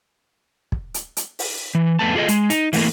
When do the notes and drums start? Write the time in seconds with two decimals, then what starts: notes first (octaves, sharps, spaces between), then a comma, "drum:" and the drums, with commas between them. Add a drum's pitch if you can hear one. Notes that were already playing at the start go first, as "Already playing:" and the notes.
0.72 drum: kick
0.94 drum: hi-hat
1.17 drum: hi-hat
1.39 drum: open hi-hat
1.75 E3
1.99 F2 A3 B3 A5
2.15 F4 G#4 A4 D5 D#5
2.28 G#3, drum: hi-hat
2.50 D#4, drum: hi-hat
2.73 E3 A3 A#3, drum: open hi-hat